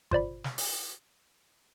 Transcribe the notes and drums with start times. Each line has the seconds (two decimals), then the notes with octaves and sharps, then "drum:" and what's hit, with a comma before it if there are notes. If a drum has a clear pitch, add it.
0.11 F4 C5 D5 B5, drum: kick G#1
0.44 drum: snare
0.58 drum: open hi-hat